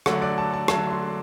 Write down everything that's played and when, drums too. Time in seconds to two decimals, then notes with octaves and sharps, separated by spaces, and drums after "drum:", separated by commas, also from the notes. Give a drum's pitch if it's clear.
0.06 D3 F#3 A3 F#5, drum: rim click
0.22 D5
0.38 A5
0.54 A5
0.68 D3 F#3 A3 A5, drum: rim click
0.90 C6